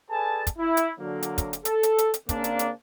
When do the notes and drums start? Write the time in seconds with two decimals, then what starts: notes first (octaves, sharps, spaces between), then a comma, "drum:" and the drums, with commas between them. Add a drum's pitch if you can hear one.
0.11 G#4 A4 B4 D5 G#5 A5
0.47 drum: kick, hi-hat
0.58 E4
0.77 drum: hi-hat
1.00 D3 F#3 A#3
1.23 drum: hi-hat
1.38 drum: kick, hi-hat
1.53 drum: hi-hat
1.65 A4, drum: hi-hat
1.83 drum: hi-hat
1.98 drum: hi-hat
2.14 drum: hi-hat
2.29 C#3 A#3 C4 D4, drum: kick, hi-hat
2.44 drum: hi-hat
2.59 drum: hi-hat